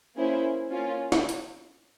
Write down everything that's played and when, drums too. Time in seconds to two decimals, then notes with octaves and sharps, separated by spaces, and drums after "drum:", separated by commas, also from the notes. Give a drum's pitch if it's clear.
0.16 A#3 C#4 E4 G#4 C5
0.70 A#3 C#4 F4
1.12 drum: snare
1.29 drum: hi-hat